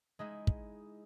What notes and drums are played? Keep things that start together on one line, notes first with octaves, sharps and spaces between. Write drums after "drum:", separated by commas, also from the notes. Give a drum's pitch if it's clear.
G#3 D#4 E4
drum: kick